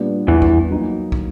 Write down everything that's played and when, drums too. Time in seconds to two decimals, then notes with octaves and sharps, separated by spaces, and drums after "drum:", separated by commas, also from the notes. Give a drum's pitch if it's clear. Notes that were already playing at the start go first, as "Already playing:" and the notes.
Already playing: A#2 G3 B3 D4
0.28 E2 E3
0.42 drum: kick
0.70 F#3 A#3 D#4
1.12 drum: kick